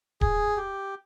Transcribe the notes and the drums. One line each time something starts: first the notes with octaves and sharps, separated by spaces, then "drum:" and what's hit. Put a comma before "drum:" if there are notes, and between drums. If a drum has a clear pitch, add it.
G#4, drum: kick D1
G4